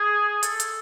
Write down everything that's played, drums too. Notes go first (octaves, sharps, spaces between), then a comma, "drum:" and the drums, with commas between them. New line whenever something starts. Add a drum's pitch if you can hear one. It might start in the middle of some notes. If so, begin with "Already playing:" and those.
Already playing: G#4
A4, drum: hi-hat
drum: hi-hat